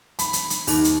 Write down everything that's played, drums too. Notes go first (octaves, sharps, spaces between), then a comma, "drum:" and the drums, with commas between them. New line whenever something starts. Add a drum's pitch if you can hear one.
B5, drum: hi-hat
drum: hi-hat
drum: hi-hat
D#2, drum: open hi-hat
drum: hi-hat